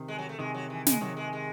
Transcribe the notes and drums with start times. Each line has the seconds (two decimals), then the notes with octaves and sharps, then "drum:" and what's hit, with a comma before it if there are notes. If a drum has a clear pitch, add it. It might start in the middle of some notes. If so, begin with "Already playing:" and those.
Already playing: C3 D#3
0.08 G#3
0.19 F#3
0.29 A3
0.39 C3 D#3 G#3
0.54 F#3
0.70 E3
0.86 G#3, drum: snare
0.92 C#3
1.01 C3 D#3 F#3
1.17 G#3
1.33 G#3